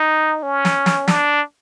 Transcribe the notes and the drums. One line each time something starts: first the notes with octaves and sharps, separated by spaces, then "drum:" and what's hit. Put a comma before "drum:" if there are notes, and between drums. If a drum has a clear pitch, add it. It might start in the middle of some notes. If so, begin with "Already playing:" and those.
Already playing: D#4
C#4
drum: snare
drum: snare
D4, drum: snare